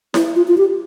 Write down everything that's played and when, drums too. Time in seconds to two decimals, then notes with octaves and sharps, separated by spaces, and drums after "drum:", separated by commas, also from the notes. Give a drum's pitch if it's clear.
0.14 E4, drum: snare E4
0.36 F4
0.48 F4
0.58 G4